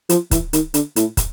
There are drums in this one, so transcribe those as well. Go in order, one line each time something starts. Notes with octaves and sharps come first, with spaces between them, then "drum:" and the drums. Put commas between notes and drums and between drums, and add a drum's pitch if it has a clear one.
F3, drum: hi-hat
E3, drum: kick, hi-hat
D#3, drum: hi-hat
D3, drum: hi-hat
A2, drum: hi-hat
drum: kick, hi-hat